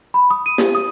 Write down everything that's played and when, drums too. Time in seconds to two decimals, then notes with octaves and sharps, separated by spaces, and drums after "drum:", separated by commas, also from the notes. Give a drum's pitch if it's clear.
0.14 B5
0.31 D#6
0.46 D#7
0.58 G4, drum: snare
0.75 D#6